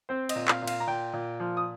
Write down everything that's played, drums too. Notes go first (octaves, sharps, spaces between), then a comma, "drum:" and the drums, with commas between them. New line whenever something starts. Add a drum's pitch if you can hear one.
C4 C5
D#5, drum: cymbal
A#2
F5, drum: clap
A#2
F5, drum: cymbal
A#5
A#2 G5
A#2
F3
D#6